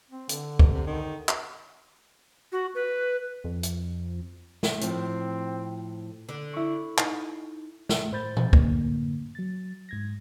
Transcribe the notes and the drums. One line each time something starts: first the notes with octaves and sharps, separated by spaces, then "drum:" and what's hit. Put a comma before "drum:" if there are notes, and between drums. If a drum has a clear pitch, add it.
C4
D3, drum: hi-hat
C3, drum: kick
C3
D#3
drum: clap
F#4
B4
F2
drum: hi-hat
drum: snare
A2 F3 C4, drum: hi-hat
D3
E4 C#6
D#4, drum: clap
drum: snare
A2 C5 B5 G6 A6
drum: tom A#2
F#2 A2 D3 A#3, drum: kick
F#3 A6
G#2 G#6 A#6